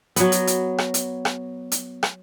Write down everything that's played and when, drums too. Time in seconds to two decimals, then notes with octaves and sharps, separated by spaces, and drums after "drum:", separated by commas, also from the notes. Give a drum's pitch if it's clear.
0.16 F#3 B3, drum: hi-hat
0.32 drum: hi-hat
0.47 drum: hi-hat
0.78 drum: rim click
0.94 drum: hi-hat
1.25 drum: rim click
1.72 drum: hi-hat
2.03 drum: rim click